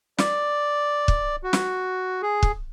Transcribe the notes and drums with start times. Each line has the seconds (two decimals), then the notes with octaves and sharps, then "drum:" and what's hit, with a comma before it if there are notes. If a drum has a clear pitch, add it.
0.18 D5, drum: snare
1.08 drum: kick
1.43 F#4
1.53 drum: snare
2.22 G#4
2.43 drum: kick